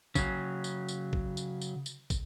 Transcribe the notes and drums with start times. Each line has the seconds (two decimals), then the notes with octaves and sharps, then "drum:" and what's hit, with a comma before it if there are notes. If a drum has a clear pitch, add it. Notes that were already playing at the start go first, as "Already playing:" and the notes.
0.15 C#3 F#3, drum: kick, tambourine
0.64 drum: tambourine
0.88 drum: tambourine
1.13 drum: kick
1.37 drum: tambourine
1.61 drum: tambourine
1.86 drum: tambourine
2.10 drum: kick, tambourine